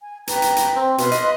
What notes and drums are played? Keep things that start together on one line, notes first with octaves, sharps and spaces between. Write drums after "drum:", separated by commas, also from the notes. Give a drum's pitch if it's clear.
G#5
B4 G5 A#5, drum: hi-hat
drum: hi-hat
drum: hi-hat
C4
B2 B4 F5 C6, drum: hi-hat
D#5, drum: hi-hat